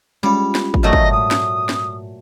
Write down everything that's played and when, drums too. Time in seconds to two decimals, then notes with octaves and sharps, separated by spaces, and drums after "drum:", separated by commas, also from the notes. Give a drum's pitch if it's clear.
0.23 G3 G#3 C#4 F4
0.55 drum: snare
0.74 drum: kick
0.83 A#2 F#3 A3 D#5
0.93 drum: kick
1.12 G#2 D#6
1.31 drum: snare
1.69 drum: snare